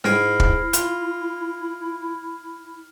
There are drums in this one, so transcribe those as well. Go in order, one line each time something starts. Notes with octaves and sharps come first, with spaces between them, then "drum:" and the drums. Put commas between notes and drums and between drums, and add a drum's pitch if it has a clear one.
G#2 E4 G5 G#5 F6 A#6 C7, drum: snare
drum: kick
F4, drum: hi-hat